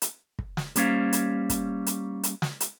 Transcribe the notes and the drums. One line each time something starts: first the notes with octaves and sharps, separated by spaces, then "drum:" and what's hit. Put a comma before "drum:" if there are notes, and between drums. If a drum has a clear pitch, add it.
drum: hi-hat
drum: kick
drum: snare
G3 A#3 C#4 C5 F5, drum: hi-hat
drum: hi-hat
drum: kick, hi-hat
drum: hi-hat
drum: hi-hat
drum: snare
drum: hi-hat